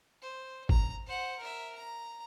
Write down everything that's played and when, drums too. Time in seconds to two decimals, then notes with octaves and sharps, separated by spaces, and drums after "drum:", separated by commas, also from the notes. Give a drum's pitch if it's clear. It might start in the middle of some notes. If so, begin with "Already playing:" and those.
0.22 C5
0.69 A#5, drum: kick G1
1.06 C5 F#5
1.38 A#4 E5
1.75 A#5